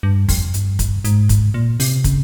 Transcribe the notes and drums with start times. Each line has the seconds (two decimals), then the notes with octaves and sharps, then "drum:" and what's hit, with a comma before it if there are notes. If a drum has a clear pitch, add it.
0.03 G2
0.29 F2, drum: kick, open hi-hat
0.54 G2, drum: hi-hat
0.79 drum: kick, hi-hat
1.04 G#2, drum: hi-hat
1.29 drum: kick, hi-hat
1.54 A#2
1.80 C3, drum: open hi-hat
2.04 C#3, drum: kick, hi-hat